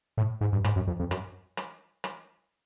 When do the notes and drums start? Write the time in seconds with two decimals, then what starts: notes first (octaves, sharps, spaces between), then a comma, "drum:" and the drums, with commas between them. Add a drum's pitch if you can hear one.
0.17 A2
0.41 G#2
0.52 G2
0.64 G#2, drum: rim click
0.76 F#2
0.87 F2
0.99 F2
1.11 F#2, drum: rim click
1.57 drum: rim click
2.04 drum: rim click